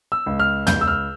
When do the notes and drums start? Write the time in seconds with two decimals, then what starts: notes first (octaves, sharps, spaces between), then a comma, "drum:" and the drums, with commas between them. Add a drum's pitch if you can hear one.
0.12 E6
0.26 C#2
0.39 F6
0.67 C#2 G6, drum: tom
0.81 E6
0.87 F6